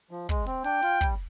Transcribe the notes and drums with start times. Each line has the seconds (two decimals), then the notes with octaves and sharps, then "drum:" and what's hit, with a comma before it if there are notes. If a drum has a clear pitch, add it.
0.11 F3
0.29 G#3, drum: kick, hi-hat
0.47 C4, drum: hi-hat
0.64 D4 G5, drum: hi-hat
0.83 F4, drum: hi-hat
1.01 G3, drum: kick, hi-hat